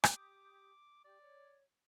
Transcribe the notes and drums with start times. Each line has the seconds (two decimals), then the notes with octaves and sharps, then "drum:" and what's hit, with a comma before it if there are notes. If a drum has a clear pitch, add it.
0.04 G4 D6 D#6, drum: rim click
1.05 G4 D5
1.19 C#5